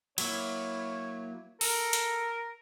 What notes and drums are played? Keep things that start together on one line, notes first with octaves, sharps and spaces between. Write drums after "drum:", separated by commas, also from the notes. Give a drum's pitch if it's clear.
F#3 A#3 E4 C#5, drum: cymbal
A4 A#4, drum: open hi-hat
drum: hi-hat